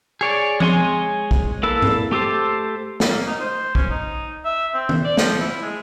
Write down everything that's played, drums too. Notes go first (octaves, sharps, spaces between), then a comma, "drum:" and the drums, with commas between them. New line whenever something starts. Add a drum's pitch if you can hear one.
G#4 C#5 D5
G#3 C#5 G#5 C6, drum: tom F3
drum: kick
A#3 E4 A4 B4
drum: tom G#2
A3 G4 A4 C5
drum: snare
A#3
D#4
C5
C#4, drum: kick
D#4
E5
C4
drum: tom
D5
F3, drum: snare
E4
G#3